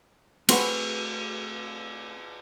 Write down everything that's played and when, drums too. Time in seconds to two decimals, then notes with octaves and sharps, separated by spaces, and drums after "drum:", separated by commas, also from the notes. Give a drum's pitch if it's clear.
0.49 A3 C4 F#4 G#4 B4 F#5, drum: cymbal